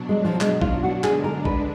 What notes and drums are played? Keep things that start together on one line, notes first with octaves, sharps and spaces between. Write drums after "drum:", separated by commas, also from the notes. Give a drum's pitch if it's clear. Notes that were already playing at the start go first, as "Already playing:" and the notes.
Already playing: B2 F#3 D4
G#3
F3
G#3, drum: clap
F4, drum: kick A#1
F#4
D3 G#3 D4 G#4, drum: clap
A#4
B4, drum: kick A#1